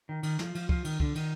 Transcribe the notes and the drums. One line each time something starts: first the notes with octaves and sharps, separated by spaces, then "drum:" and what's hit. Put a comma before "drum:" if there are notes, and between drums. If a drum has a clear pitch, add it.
D#3
D#3, drum: cymbal
F3, drum: snare
F3, drum: cymbal
F3, drum: kick
D#3, drum: cymbal
D3, drum: kick
D#3, drum: cymbal